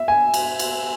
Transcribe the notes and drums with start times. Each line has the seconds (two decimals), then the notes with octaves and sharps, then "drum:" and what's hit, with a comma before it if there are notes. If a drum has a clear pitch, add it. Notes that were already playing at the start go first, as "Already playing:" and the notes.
Already playing: E5
0.08 G#5
0.34 drum: cymbal
0.59 drum: cymbal